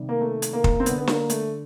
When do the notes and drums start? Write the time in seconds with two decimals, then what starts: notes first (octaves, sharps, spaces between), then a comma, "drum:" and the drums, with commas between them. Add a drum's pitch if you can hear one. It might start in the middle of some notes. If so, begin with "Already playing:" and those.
Already playing: C3 D#3 G3
0.09 A#3
0.21 A3
0.42 drum: hi-hat
0.53 A#3
0.64 drum: kick
0.80 C4
0.86 D3 G3 B3, drum: hi-hat
0.98 B3
1.07 A#3, drum: snare
1.30 A3, drum: hi-hat